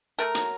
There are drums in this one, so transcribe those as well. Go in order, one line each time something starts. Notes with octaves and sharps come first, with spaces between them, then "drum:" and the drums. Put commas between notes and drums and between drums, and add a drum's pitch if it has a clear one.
A3 A#4
F#3, drum: hi-hat